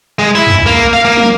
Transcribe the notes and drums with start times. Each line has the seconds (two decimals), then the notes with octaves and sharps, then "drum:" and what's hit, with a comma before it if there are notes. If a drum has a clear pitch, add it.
0.19 G#3
0.35 E4
0.47 drum: tom
0.66 A#3
0.93 F5
1.05 A#3
1.17 drum: tom